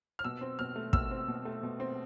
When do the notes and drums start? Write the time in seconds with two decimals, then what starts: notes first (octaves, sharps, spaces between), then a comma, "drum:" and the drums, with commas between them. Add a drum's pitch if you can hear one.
0.19 F6
0.24 B2 E6
0.41 C4
0.59 B2 F6
0.76 A3
0.93 B2 E6, drum: kick
1.11 C4
1.28 B2
1.45 A3
1.63 B2
1.80 C4